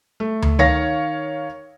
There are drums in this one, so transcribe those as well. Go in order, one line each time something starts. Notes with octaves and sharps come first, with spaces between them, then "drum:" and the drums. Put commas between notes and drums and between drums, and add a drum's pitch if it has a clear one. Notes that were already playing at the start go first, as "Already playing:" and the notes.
A3
drum: tom D2
D#3 C#5 F5 A#6